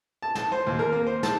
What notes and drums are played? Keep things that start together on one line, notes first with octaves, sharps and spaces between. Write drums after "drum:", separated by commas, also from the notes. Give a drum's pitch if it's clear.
A5
A5, drum: snare
C5
D#2
A#4
A#3
C5
A5, drum: snare